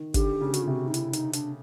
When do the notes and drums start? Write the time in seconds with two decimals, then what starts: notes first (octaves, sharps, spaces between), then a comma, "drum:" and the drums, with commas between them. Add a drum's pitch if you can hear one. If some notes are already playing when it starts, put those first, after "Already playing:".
Already playing: D#3
0.14 D3 G4, drum: kick G1, hi-hat
0.41 C#3
0.54 F#4, drum: hi-hat
0.62 F4
0.67 C3 F#4
0.88 D#4
0.94 E4, drum: hi-hat
1.13 D#4, drum: hi-hat
1.33 D4, drum: hi-hat